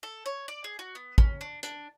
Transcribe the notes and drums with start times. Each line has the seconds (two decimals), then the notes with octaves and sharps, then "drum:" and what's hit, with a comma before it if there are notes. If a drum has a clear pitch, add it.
0.03 A4
0.26 C#5
0.48 D5
0.64 G#4
0.79 F#4
0.95 B3
1.18 C#4, drum: kick
1.41 D4
1.63 D4, drum: hi-hat